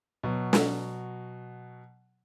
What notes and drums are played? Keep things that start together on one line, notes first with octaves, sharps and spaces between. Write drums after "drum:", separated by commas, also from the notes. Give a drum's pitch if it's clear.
B2 F#3
drum: snare